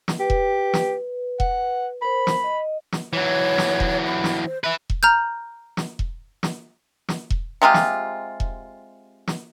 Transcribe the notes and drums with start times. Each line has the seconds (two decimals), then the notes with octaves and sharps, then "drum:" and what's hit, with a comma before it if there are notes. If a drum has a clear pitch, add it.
0.08 drum: snare
0.20 G4 B4
0.30 drum: kick E1
0.74 drum: snare
1.40 F#5, drum: kick E1
2.02 A#4 C5 B5
2.27 drum: snare
2.44 D#5
2.92 drum: snare
3.13 E3 F#3 C#5
3.58 drum: snare
3.80 drum: kick E1
4.06 B5
4.24 drum: snare
4.46 C5
4.64 E4 B4 E5
4.90 drum: kick E1
5.03 A#5 F6 G6
5.77 drum: snare
5.99 drum: kick E1
6.43 drum: snare
7.09 drum: snare
7.30 drum: kick E1
7.62 C3 G#3 F4 G4
7.74 drum: snare
8.40 drum: kick E1
9.28 drum: snare